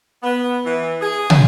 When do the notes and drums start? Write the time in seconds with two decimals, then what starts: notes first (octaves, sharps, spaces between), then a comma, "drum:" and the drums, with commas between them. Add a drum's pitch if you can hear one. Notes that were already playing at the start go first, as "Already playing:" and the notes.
0.23 B3
0.66 E3
1.01 G#4
1.30 drum: tom